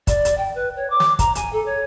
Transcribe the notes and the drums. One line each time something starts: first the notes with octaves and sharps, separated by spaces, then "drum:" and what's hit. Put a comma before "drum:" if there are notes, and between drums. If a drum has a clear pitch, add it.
D5, drum: kick, hi-hat
drum: hi-hat
G5
B4
C#5
D6
drum: snare
A#5, drum: kick, hi-hat
G#5, drum: hi-hat
A4
C#5